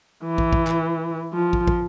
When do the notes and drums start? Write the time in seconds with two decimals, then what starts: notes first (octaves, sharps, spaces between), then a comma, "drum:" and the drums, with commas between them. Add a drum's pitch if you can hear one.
0.24 E3
0.38 drum: kick
0.53 drum: kick
0.67 drum: clap
1.33 F3
1.53 drum: kick
1.67 drum: kick